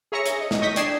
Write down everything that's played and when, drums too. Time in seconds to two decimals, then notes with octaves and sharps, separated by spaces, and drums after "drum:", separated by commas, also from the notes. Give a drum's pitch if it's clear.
0.12 G#4 C#5 E5 A#5 A#6 C#7
0.26 drum: hi-hat
0.41 D#5
0.51 drum: snare
0.61 D#5 C#6 D#6 G6 A#6 B6
0.76 D4 D5 G5 G#6 C7 E7, drum: hi-hat